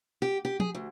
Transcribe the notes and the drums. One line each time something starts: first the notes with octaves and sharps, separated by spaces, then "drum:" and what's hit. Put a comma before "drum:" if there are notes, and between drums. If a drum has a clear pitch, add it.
G4
G4
G#4, drum: tom F3
D2